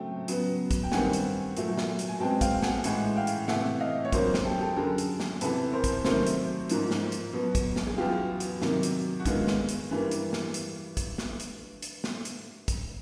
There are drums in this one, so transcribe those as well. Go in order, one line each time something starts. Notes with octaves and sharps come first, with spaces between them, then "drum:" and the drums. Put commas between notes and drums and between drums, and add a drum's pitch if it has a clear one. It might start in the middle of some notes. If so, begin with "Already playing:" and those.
Already playing: C#3 F#3 A3 C4 G5
C#3 F#3 B3, drum: hi-hat
drum: kick, hi-hat
G5
G2 D#3 G3 C4 F#5 G#5, drum: snare
drum: hi-hat
A#2 F#3 A3, drum: hi-hat
drum: snare
drum: hi-hat
G#5
B2 G#3 C4 G5 A5
F5 G5, drum: kick, hi-hat
F#5 G#5, drum: snare
A2 E3 G#3 F#5 G#5, drum: hi-hat
F5 G5
drum: hi-hat
C3 E3 A3 E5 F#5, drum: snare
D#5 F5
C#5
F2 D3 F#3 A#3 A#4 C5, drum: kick, hi-hat
drum: snare
G4 A4
G4 A4
F#2 D3 F#3 G#4 A#4
drum: hi-hat
drum: snare
E2 C3 E3 A4 B4, drum: hi-hat
A#4 C5
drum: kick, hi-hat
C3 D#3 F#3 A3 A#4 C5, drum: snare
drum: hi-hat
G#2 F3 A#3, drum: hi-hat
drum: snare
drum: hi-hat
B2 F#3 B3
drum: kick, hi-hat
drum: snare
G#4
E2 B2 F#3 B3 F4 G4
drum: hi-hat
C3 D#3 F#3 A#3, drum: snare
drum: hi-hat
F#4
G2 D#3 G#3 B3 F4, drum: kick, hi-hat
drum: snare
drum: hi-hat
G2 E3 G3 A#3
drum: hi-hat
drum: snare
drum: hi-hat
drum: kick, hi-hat
drum: snare
drum: hi-hat
drum: hi-hat
drum: snare
drum: hi-hat
drum: kick, hi-hat